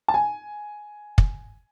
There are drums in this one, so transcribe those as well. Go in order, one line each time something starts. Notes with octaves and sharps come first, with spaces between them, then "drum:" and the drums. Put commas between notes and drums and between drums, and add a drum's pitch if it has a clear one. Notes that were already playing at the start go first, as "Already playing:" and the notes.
A5
G#5
drum: kick